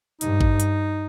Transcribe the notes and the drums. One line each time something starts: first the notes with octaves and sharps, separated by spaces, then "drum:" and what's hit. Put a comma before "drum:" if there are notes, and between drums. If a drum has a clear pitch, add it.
G2 D#4, drum: hi-hat
drum: kick G#1
drum: hi-hat